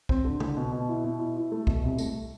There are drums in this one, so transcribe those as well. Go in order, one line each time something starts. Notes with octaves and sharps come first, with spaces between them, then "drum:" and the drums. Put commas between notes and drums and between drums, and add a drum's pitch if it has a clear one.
C4, drum: kick B1
D3
D3, drum: tom
B2
B2
E4
B2
E4
E4
A3
B2, drum: kick B1
C2
A3, drum: tambourine